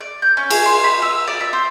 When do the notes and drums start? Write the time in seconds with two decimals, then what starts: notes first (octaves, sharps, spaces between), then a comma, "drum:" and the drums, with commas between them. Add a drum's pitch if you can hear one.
0.01 D5
0.22 G6
0.37 C#4
0.50 G#4, drum: cymbal
0.66 C6
0.84 B5
1.02 E6
1.28 D5
1.41 E5
1.53 C5